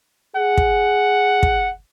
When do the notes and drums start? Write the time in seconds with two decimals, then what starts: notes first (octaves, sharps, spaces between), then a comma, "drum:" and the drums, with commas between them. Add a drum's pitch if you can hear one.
0.36 G#4 F#5
0.58 drum: kick
1.43 drum: kick